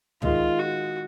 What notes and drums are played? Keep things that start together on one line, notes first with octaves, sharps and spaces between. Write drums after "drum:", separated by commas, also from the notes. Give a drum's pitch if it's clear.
D#3 G#3 D#4 F4, drum: tom
F#4